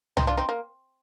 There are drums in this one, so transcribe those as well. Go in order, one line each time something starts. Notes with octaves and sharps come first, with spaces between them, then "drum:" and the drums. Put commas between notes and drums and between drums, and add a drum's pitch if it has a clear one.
C4 D#4, drum: tom
D4 F4
C4 D#4
A#3